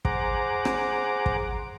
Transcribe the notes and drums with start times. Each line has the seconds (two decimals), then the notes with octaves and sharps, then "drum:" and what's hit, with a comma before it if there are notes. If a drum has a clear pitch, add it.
0.05 G#4 C5 F#5 A#5 D6, drum: kick
0.65 drum: rim click
1.26 drum: kick